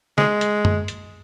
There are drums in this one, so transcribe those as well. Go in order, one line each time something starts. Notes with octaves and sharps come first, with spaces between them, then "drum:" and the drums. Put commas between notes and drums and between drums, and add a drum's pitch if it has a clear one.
G#3, drum: snare
drum: hi-hat
drum: tom F#2
drum: hi-hat